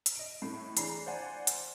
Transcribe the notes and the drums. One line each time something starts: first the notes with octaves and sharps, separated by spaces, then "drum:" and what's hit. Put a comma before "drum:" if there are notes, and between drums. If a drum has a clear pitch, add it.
drum: hi-hat
D#5 D7
A2 A3
E3 D4 G#4 A#5 B5 C7, drum: hi-hat
C5 D5 F#5 G#5
drum: hi-hat